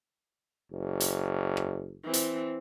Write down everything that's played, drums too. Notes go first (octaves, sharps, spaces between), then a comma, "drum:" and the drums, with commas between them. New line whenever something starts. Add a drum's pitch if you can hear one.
F#1
drum: hi-hat
drum: rim click
E3 C4
drum: hi-hat